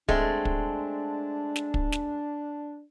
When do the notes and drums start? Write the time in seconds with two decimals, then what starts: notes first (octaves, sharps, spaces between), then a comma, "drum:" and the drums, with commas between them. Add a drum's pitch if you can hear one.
0.09 G#3 A3 C4 D4, drum: kick
0.45 drum: kick
1.56 drum: snare
1.74 drum: kick
1.92 drum: snare